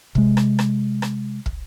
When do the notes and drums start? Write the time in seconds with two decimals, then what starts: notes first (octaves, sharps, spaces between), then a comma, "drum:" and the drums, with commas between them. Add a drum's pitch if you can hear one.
0.15 C3 G#3, drum: kick
0.37 drum: rim click
0.59 drum: rim click
1.02 drum: rim click
1.46 drum: kick